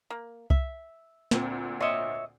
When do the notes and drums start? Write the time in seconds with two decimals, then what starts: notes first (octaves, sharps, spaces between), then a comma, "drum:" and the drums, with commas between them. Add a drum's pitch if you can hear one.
0.10 A#3
0.50 E5, drum: kick C2
1.31 D2 A#2 C4, drum: snare
1.80 F4 C#5 D#5 E5